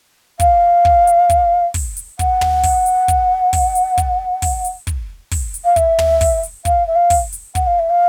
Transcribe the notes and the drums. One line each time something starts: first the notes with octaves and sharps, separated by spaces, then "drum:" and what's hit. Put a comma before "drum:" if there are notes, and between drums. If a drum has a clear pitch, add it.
F5, drum: kick, hi-hat
drum: kick
drum: hi-hat
drum: kick, hi-hat
drum: kick, open hi-hat
drum: hi-hat
F#5, drum: kick, hi-hat
drum: tom
drum: kick, open hi-hat
drum: hi-hat
drum: kick, hi-hat
drum: kick, open hi-hat
drum: hi-hat
drum: kick, hi-hat
drum: kick, open hi-hat
drum: hi-hat
drum: kick, hi-hat
drum: kick, open hi-hat
drum: hi-hat
F5
E5, drum: kick, hi-hat
drum: tom
drum: kick, open hi-hat
drum: hi-hat
F5, drum: kick, hi-hat
E5
F5
drum: kick, open hi-hat
drum: hi-hat
F#5, drum: kick, hi-hat
F5
E5
F5